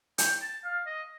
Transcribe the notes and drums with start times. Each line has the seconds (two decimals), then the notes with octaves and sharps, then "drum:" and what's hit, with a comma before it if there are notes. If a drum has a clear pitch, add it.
0.18 G5, drum: hi-hat
0.41 A5
0.64 F5
0.86 D#5